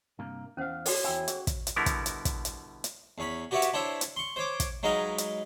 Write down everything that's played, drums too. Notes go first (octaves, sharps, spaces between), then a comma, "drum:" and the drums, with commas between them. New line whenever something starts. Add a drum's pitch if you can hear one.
G2 C3 A#3
E2 C#4 C5 F5 F#5
F#4 A4 C#5 D5, drum: open hi-hat
E2 E4 G5 G#5
F#4 G#4, drum: hi-hat
drum: kick, hi-hat
drum: hi-hat
B2 D3 G3 B3 E4 A#4
drum: kick, hi-hat
drum: hi-hat
drum: kick, hi-hat
drum: hi-hat
drum: hi-hat
E2 C#4 B5
F#4 G4 B4 C#5 E5 F#5
drum: hi-hat
D4 E4 C5 C#5 E5
drum: hi-hat
C6 C#6
C5 C#5 D6
drum: kick, hi-hat
F#3 G#3 D#4 B4 D#5 F5
drum: hi-hat